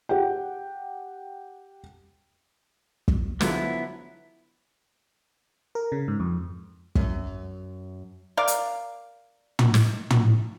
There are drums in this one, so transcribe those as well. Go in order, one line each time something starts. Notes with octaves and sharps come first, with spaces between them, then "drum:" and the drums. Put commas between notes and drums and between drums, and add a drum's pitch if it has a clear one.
G4 F#5 G5
drum: kick
D3 F3 F#3 B3 E4, drum: snare
A#4
C#3
G#2
F2
F#2, drum: kick
A#4 D5 F5
drum: hi-hat
drum: tom
drum: snare
drum: tom